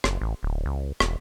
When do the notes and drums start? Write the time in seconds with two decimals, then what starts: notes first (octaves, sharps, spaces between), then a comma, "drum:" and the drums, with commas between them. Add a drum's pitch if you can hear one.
0.04 F#1, drum: rim click
0.21 A1
0.43 D1
0.66 C#2
1.00 E1, drum: rim click